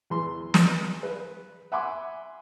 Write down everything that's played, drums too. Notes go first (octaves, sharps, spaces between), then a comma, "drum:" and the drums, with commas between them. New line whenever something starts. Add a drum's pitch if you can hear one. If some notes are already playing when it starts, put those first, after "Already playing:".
E2 E3 C6
drum: snare
B4
E5 F#5 G#5 B5 C6 D6